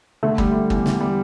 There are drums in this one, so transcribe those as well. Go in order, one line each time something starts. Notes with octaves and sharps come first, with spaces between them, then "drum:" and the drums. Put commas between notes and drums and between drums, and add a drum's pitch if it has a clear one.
D3 A3
G3, drum: kick
G3
E2, drum: kick
D3, drum: snare
G3